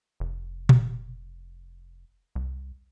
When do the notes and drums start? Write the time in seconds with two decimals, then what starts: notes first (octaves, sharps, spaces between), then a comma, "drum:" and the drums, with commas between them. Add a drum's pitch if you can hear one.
0.20 F1
0.69 drum: tom A#2
2.35 C2